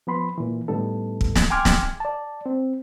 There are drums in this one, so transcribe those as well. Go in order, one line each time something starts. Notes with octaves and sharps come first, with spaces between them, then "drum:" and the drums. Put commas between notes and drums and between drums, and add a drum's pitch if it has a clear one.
F3 B3 B5 C6
A#2 E3
A2 D3 G3 B3 D#4 A4
drum: kick
drum: snare
G5 G#5 C6 D6 F6 G#6
drum: snare
D5 A5
C4